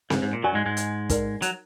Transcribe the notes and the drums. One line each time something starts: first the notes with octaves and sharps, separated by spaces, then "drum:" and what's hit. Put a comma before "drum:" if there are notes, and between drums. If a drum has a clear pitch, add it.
G#2, drum: snare C4
G#2
A#2
F#2 F#3 F#4 D5 G#5
G#2 G#3
G#2 G#3
drum: hi-hat
D#4 A#4 D5, drum: kick, hi-hat
F#3, drum: hi-hat